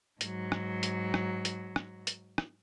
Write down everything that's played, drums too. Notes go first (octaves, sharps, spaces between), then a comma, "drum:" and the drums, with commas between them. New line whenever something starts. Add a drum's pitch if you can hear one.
G#2 F#3, drum: hi-hat
drum: rim click
drum: hi-hat
drum: rim click
drum: hi-hat
drum: rim click
drum: hi-hat
drum: rim click